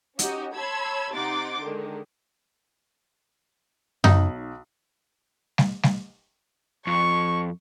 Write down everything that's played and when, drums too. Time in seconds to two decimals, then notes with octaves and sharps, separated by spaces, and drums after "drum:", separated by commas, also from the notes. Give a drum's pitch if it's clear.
0.19 C#4 D#4 F#4 G4 D#5, drum: hi-hat
0.55 C#5 A5 B5 C6 E6 G#6
1.14 C3 D#4 F#5 C6 D6 A6
1.61 D3 D#3 G#3
4.04 B1 D#4 F#7, drum: tom F#2
5.58 drum: snare G3
5.83 drum: snare G3
6.87 F2 C#6